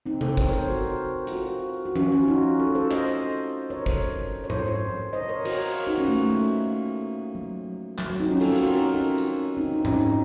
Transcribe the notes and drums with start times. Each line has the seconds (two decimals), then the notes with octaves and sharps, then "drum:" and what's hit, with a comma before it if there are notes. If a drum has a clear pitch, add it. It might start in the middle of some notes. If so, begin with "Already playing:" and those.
0.06 C4 D#4
0.21 A4 C5, drum: tom C3
0.37 A#4 C#5, drum: kick
0.53 A4 C5
0.69 F#4 A#4
1.27 F#4, drum: hi-hat
1.32 F4 A4
1.85 F#4
1.96 C#4 F4, drum: tom F3
2.12 C#4 F4
2.27 D#4 F#4
2.60 F4 A4
2.75 A4 C5
2.91 C5 D#5, drum: clap
3.70 A#4 C#5
3.86 A4 C5, drum: kick
4.44 C#5
4.50 A4 C5, drum: tom G#2
5.13 C5 D#5
5.29 A#4 C#5
5.45 F#4 A#4, drum: cymbal
5.87 D#4 F#4
5.98 C#4 F4
6.08 A3
6.18 A#3
6.27 A3
7.35 F#3
7.98 F#3, drum: clap
8.10 F#3
8.20 C4 D#4
8.31 C#4 F4
8.41 F4 A4, drum: cymbal
8.51 F#4 A#4
8.62 F#4 A#4
8.78 D#4 F#4
8.94 C#4 F4
9.18 drum: hi-hat
9.57 C4 D#4
9.74 D#4
9.85 C#4, drum: tom G#2
9.96 C4 D#4